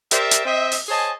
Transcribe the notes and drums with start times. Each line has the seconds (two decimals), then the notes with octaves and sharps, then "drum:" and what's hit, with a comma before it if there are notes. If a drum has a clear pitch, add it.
0.11 G4 A#4 C5 D5 E5, drum: hi-hat
0.31 drum: hi-hat
0.46 C4 D#5 E5
0.72 drum: open hi-hat
0.89 G#4 C5 C#5 D#5 G#5 A5